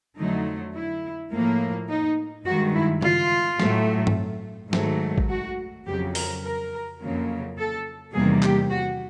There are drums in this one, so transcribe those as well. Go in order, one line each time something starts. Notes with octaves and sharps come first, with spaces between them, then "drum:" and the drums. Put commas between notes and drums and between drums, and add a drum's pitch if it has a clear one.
F2 D3 F#3 A3 D#4
E4
A2 F3 A#3
D#4
G2 D#3 G#3 F#4
E4
F4, drum: tom C#3
A2 F#3 A3, drum: snare
drum: tom G2
G#2 D#3 F#3 A3, drum: snare
drum: kick A1
F#4
F2 C#3 F#3 G4
A#4, drum: open hi-hat
A#4
F2 C#3 F#3 A#3
A4
E2 C3 D#3 G3 A#3 G#4
G4, drum: clap
F#4